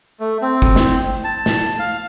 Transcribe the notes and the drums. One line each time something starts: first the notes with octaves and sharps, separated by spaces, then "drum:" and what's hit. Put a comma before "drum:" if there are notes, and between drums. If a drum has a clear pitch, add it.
A3
C4
drum: kick
drum: snare
A5
drum: snare
F5